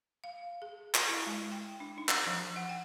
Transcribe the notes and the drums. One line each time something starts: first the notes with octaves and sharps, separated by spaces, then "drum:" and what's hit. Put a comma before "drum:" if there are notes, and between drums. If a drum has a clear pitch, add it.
F5
G#4
drum: clap
E4
G#3
G5
D4
D#4
drum: clap
F3
F#5
G5